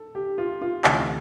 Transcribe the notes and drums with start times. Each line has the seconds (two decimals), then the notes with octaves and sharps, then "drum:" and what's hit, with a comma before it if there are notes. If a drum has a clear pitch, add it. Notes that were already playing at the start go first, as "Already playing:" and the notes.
Already playing: A4
0.15 G4
0.38 F4
0.62 F4
0.84 D2 C3 E3 A3 C#4, drum: clap